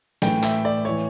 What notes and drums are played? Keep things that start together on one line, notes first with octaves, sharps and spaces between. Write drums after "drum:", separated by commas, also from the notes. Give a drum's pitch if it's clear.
A2 E3 G5, drum: snare
E5, drum: clap
D5
A2 E3 C#5